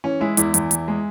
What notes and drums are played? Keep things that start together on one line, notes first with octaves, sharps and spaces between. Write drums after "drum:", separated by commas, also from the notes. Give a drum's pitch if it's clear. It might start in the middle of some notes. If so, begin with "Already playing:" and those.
E3 C#4
G#3 E4
E2 E4, drum: hi-hat
E2, drum: hi-hat
E3, drum: hi-hat
G#3